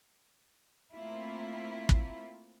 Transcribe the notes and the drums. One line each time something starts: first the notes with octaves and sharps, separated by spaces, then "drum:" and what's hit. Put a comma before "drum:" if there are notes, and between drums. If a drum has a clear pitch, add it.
A3 A#3 C4 E4 F4
drum: kick